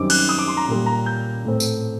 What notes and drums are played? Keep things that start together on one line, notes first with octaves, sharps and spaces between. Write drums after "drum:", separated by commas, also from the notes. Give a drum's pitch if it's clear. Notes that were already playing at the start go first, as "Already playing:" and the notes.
Already playing: F#2 D#3 G3 C4 D6
F#6, drum: cymbal
D#6
D6
C6
A#5
A#2 G3 A#3
A#5
G6
A2 A3 C4
drum: tambourine